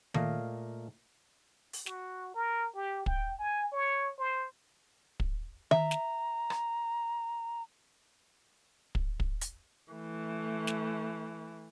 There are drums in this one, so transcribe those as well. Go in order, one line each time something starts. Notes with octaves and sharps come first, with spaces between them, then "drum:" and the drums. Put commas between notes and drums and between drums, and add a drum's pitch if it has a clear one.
A#2 A3 A#3 A#4 D#5 F5, drum: tom D#3
drum: open hi-hat
F#4, drum: snare
A#4
G4
G5, drum: kick
G#5
C#5
C5
drum: kick
E5 A#5, drum: tom D#3
drum: snare
drum: rim click
drum: kick
drum: kick
drum: hi-hat
E3 A3
drum: snare